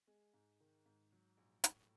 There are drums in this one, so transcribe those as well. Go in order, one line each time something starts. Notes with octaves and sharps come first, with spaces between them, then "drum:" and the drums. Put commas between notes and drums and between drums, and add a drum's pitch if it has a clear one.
G#3
G#2
D#3
G#2
F#3
A#1
A2, drum: hi-hat